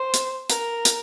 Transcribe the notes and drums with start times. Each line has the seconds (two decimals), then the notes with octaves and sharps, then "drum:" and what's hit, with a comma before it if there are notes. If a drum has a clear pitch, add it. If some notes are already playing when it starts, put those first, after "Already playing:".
Already playing: C5
0.14 drum: hi-hat
0.50 A#4, drum: hi-hat
0.85 drum: hi-hat